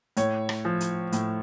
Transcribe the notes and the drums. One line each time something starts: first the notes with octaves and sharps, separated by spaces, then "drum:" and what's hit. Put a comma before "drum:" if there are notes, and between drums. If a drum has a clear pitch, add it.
A2 C#5, drum: hi-hat
drum: rim click
F3
drum: hi-hat
A2, drum: hi-hat